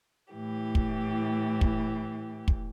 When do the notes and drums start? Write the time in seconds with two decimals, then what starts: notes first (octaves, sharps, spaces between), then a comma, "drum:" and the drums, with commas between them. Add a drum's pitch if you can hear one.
0.32 A2 E3 G4
0.75 drum: kick
1.61 drum: kick
2.48 drum: kick